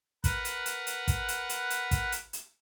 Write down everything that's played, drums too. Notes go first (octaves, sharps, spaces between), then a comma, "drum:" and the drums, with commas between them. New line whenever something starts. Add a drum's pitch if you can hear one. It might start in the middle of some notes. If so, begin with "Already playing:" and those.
A#4 B4 F#5, drum: kick, hi-hat
drum: hi-hat
drum: hi-hat
drum: hi-hat
drum: kick, hi-hat
drum: hi-hat
drum: hi-hat
drum: hi-hat
drum: kick, hi-hat
drum: hi-hat
drum: hi-hat